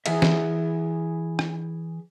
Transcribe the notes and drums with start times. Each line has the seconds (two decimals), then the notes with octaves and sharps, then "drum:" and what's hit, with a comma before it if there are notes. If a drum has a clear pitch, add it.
0.06 E3 G#4 E5, drum: cymbal
0.22 drum: snare E3
1.39 drum: rim click